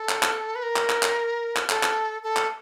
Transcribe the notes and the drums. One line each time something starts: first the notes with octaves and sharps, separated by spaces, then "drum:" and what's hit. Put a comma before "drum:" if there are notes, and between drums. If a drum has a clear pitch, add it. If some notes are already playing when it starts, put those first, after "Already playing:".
Already playing: A4
drum: clap
drum: clap
B4
A#4
drum: clap
drum: clap
drum: clap
drum: clap
A4, drum: clap
drum: clap
A4
drum: clap